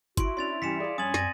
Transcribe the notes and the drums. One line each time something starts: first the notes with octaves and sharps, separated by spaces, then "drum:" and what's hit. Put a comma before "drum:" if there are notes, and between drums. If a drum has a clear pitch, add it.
E4 F#4 C6 D7, drum: kick, hi-hat
C#4 D4 C6 A6 F7
E3 G3 C#4 B6 C#7 E7
G#4 D5 F5
G2 C#4 G#5 D#6 A6 F#7
F#2 C4 D5 A6 A#6 D#7, drum: snare